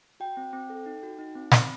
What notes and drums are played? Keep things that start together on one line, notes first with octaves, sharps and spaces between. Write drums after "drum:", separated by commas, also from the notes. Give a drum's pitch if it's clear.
F#4 G5
C4
C4
A4
D#4
F#4
D#4
C4
C4 B5, drum: snare